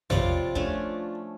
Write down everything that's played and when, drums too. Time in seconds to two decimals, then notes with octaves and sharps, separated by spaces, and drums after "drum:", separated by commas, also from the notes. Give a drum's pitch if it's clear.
0.10 C3 F3 G3 F4 C#5 D5, drum: tom
0.55 A3 C#4 D4, drum: kick